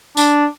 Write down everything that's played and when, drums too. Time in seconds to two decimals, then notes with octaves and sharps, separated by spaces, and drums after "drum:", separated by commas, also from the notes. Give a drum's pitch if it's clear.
0.17 D4, drum: tambourine